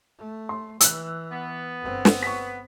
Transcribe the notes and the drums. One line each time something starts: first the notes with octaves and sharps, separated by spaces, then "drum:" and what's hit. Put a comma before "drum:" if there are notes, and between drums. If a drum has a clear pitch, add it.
A3
C6
E3 E6 F#6, drum: hi-hat
B3
G1 C4
drum: snare
C#6 B6